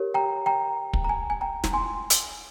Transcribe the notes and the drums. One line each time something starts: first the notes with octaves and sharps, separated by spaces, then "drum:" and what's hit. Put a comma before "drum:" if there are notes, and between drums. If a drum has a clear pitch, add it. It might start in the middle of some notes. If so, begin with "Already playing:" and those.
Already playing: G4 A#4 C#5
G5 A#5
G5 A#5
drum: kick
A#5
G#5
G#5
G5 A#5
drum: snare
G#5 C6
drum: hi-hat